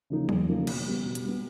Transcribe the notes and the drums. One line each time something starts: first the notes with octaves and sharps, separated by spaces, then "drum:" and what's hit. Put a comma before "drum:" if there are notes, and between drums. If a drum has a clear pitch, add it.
C#3 F3 A#3 D#4
E2, drum: tom F#3
C#3 F3 A#3 D#4
B2, drum: cymbal
G3 B3
B2
drum: hi-hat
G3 B3